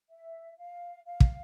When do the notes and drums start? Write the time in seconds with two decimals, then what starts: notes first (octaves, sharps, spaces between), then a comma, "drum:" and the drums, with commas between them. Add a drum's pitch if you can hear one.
0.10 E5
0.58 F5
1.05 F5
1.20 drum: kick